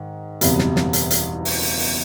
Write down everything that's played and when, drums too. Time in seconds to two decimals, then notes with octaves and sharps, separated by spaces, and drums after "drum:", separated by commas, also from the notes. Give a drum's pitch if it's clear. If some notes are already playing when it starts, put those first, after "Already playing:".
Already playing: G#2 D#3
0.41 F#1 E2 B2 G3 C4, drum: hi-hat
0.59 drum: snare
0.76 drum: snare
0.93 drum: hi-hat
1.10 drum: hi-hat
1.45 drum: open hi-hat
1.62 drum: open hi-hat
1.80 drum: open hi-hat